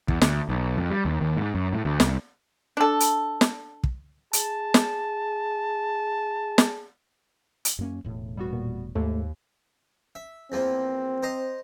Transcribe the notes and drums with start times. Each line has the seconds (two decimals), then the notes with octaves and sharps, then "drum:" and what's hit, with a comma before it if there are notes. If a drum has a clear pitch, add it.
0.08 E2, drum: kick
0.21 D2, drum: snare
0.49 B1
0.77 F2
0.90 G3
1.05 D#2
1.21 D#2
1.37 G#2
1.55 F#2
1.73 A2
1.85 D2
2.00 C2, drum: snare
2.77 D4 A4
3.00 drum: hi-hat
3.41 drum: snare
3.84 drum: kick
4.33 G#4 A5, drum: hi-hat
4.74 drum: snare
6.58 drum: snare
7.65 drum: hi-hat
7.79 F#2 A#3 C#4
8.04 E1 A2
8.37 G3 B3 F#4
8.53 A#2
8.95 D#2 G#2 A3
10.15 E5
10.52 E2 F3 A#3 C4
11.23 C5 D#5 A#5